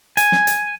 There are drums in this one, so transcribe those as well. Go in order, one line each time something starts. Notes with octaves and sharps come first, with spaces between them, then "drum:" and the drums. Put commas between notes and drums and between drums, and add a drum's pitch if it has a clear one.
G#5, drum: hi-hat
drum: snare
drum: hi-hat